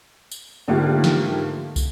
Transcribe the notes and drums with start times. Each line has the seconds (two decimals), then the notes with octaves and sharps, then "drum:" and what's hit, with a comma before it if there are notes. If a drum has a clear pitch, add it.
0.32 drum: tambourine
0.68 G#2 D3 A3 A#3 F4 G4
1.04 drum: snare
1.76 drum: kick, tambourine